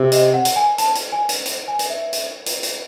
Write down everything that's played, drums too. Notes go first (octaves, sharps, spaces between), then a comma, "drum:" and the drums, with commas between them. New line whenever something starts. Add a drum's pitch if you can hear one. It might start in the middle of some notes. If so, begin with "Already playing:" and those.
Already playing: C3
D#5, drum: hi-hat
F#5
drum: hi-hat
G#5
A5, drum: hi-hat
drum: hi-hat
G#5
drum: hi-hat
drum: hi-hat
G#5
drum: hi-hat
E5
drum: hi-hat
drum: hi-hat
drum: hi-hat